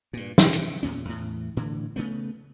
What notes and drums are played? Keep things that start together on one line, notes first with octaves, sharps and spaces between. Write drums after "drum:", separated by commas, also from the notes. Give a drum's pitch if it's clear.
G2 A#2
C3, drum: snare
drum: hi-hat
E2 A#2 C#4
E2 A2
A2 D3 E3
C#3 A3 B3